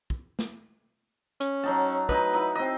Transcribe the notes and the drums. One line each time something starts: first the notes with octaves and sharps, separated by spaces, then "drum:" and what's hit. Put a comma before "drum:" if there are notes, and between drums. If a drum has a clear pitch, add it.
drum: kick
drum: snare
C#4, drum: hi-hat
F#3 D#4 A5
D#4 F#4 B4 D#5, drum: kick
D#4 E4 B5
C4 D#5